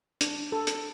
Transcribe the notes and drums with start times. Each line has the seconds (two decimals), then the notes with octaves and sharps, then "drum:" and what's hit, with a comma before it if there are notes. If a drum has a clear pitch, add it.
0.21 D4, drum: hi-hat
0.52 A4
0.67 drum: hi-hat